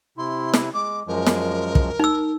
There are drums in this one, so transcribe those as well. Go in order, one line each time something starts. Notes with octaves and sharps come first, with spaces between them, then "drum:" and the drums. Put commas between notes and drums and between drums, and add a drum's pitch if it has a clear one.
C3 E4 C6
drum: snare
G#3 D6
F#2 F3 G#3 A#4
drum: snare
drum: kick
D#4 E6